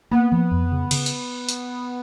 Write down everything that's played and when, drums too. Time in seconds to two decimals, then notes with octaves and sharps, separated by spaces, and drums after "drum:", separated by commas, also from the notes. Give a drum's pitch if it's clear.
0.11 A#3 B3
0.32 F3
0.51 F2
0.72 C#3
0.91 C#3, drum: cymbal
1.06 drum: hi-hat
1.49 drum: hi-hat